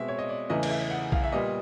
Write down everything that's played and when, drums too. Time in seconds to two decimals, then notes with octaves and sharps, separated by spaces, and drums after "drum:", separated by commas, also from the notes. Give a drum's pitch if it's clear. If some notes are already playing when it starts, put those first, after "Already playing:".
Already playing: B2 G#3 C4 E5
0.08 C#5
0.19 D#5
0.29 D5
0.50 E2 C#3 E3 A3 D#5
0.63 D#5, drum: cymbal
0.71 E5
0.91 F#5
1.12 F5, drum: kick B1
1.24 E5
1.32 A#2 G3 B3 D#5